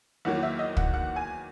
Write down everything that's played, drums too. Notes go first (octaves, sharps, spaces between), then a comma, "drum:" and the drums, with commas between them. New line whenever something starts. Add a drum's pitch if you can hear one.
E2 D#3 F#3 A#3 F#5
E5
D#5
F#5, drum: kick
F#5
G#5